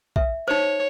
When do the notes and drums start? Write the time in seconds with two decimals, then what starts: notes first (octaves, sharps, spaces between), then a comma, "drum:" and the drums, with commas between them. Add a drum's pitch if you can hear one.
0.16 E5, drum: kick
0.48 D#4 C5 C#5